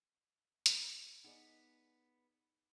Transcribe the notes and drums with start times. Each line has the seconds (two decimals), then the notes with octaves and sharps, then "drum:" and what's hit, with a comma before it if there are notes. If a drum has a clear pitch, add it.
0.66 drum: hi-hat
1.24 B3 D#4 G#4 D5